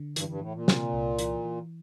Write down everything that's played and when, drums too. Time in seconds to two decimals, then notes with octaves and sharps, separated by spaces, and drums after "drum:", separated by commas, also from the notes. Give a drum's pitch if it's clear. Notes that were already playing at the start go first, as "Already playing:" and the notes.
Already playing: D3
0.16 G2 E3, drum: hi-hat
0.28 G2
0.41 A2 E3
0.55 A#2
0.68 C3, drum: snare
0.93 C2
1.19 E3, drum: hi-hat
1.44 E3